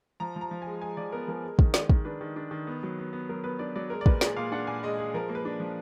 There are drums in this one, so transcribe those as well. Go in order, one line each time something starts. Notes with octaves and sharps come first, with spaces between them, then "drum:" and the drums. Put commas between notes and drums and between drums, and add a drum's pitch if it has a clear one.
F3 A#5
F3
A#5
F3
G#5
G#3
G#3 G#5
F3 D5
B3 A#4
F3 A#4
G#3
D#3, drum: kick
G#3, drum: snare
D#3, drum: kick
D4 B4
D#3
D4
D#3
B3
F#3
B3
B3
F#3 A#4
B3 B4
D4 D5
F#3 D5
G#3 A#4
D5
A#2 B4, drum: kick
G#3 G#4, drum: snare
A#2 F5
D4 F#5
A#2 G#5
G#3 D#5
G#3 G#4
F3 A#4
A#3
B4
D4
F3